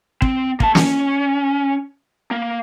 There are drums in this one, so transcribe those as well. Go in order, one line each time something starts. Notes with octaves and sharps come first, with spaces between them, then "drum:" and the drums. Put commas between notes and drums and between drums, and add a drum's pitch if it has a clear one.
C4, drum: kick
A#3 A5, drum: kick
C#4, drum: snare
A#3